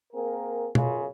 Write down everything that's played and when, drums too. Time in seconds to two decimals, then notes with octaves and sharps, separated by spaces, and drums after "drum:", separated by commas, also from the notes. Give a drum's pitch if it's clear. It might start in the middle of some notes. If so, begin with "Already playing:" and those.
0.13 A#3 C4 G#4 A#4
0.75 B1 F#2 C#3 F4, drum: tom B2